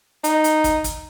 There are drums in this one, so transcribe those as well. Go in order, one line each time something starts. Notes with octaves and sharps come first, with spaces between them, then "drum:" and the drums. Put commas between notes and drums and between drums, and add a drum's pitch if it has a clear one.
D#4, drum: hi-hat
drum: hi-hat
drum: kick, hi-hat
drum: kick, hi-hat